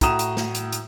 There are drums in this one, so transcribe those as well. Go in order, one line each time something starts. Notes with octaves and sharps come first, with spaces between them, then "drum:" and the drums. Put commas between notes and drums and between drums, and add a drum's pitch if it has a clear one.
A2 F#4 A#5 D#6 E7, drum: kick, hi-hat
drum: hi-hat
drum: snare
drum: hi-hat
drum: hi-hat